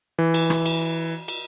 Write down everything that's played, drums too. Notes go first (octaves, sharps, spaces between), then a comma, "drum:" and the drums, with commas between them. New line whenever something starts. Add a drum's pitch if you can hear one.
E3
drum: cymbal
drum: rim click
drum: cymbal
drum: cymbal